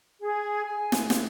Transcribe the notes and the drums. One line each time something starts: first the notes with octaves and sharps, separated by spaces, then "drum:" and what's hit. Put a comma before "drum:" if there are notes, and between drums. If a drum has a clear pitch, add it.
G#4
G#5
drum: snare
drum: snare